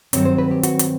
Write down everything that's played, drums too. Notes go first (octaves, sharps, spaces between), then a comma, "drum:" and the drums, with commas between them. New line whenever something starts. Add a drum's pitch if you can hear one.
G2 D#3 F#3 C4 C#5, drum: hi-hat
C5
B4
G4
F#4, drum: hi-hat
drum: hi-hat